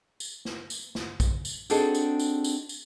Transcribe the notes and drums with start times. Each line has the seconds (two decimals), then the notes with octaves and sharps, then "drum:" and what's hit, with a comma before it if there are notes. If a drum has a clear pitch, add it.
0.20 drum: tambourine
0.45 drum: snare
0.70 drum: tambourine
0.95 drum: snare
1.20 drum: kick, tambourine
1.45 drum: tambourine
1.70 C4 D4 D#4 F#4 G#4 A4, drum: tambourine
1.95 drum: tambourine
2.20 drum: tambourine
2.44 drum: tambourine
2.69 drum: tambourine